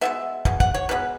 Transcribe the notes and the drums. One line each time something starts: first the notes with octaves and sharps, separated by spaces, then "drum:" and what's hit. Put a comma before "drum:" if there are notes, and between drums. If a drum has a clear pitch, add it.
B2 G#3 B3 E5
B2 G#3, drum: kick
F#5, drum: kick
C#5
B2 G#3 B3 B4